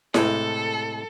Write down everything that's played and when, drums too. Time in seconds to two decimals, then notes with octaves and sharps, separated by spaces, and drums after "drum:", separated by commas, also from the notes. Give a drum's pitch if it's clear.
0.14 A2 C3 G#3 A4, drum: snare E4